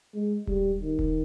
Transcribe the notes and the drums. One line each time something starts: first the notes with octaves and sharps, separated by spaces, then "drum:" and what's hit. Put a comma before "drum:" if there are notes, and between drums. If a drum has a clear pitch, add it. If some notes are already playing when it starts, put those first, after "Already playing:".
G#3
G3, drum: kick D#1
D#3
drum: kick D#1